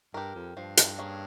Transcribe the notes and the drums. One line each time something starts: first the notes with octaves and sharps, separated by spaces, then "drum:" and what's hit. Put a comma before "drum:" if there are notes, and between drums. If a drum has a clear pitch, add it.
G2 G4 A#4
F2
G2 F3
drum: hi-hat
A#3 C#4 G#4